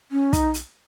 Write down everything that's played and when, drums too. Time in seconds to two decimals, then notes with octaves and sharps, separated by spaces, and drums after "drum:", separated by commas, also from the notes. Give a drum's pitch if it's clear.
0.12 C#4
0.33 D#4, drum: kick, hi-hat
0.54 drum: hi-hat